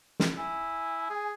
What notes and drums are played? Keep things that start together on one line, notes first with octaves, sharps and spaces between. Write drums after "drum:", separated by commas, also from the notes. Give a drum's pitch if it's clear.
drum: snare
E4 G#5
G#4